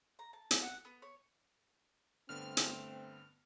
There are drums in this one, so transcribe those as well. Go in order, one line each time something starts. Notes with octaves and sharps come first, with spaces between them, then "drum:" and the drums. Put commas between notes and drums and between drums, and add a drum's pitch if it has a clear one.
A#5
A5
drum: hi-hat
F#5
B3
C#5
G2 D3 A3 B3 C4 F6
drum: hi-hat